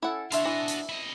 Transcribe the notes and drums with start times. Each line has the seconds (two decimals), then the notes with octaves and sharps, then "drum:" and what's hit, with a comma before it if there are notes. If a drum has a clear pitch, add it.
0.03 C#4 E4 A4 F#5
0.32 D4 C#5 E5 F5 C6, drum: hi-hat
0.45 E3 F#4 D#5
0.68 drum: hi-hat
0.89 E4 D#5